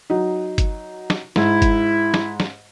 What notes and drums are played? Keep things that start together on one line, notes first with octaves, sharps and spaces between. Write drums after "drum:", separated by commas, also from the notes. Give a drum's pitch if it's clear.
F#3 D#4
drum: kick G1, hi-hat
drum: snare
G#2 E4, drum: snare
drum: kick G1, hi-hat
drum: snare
drum: snare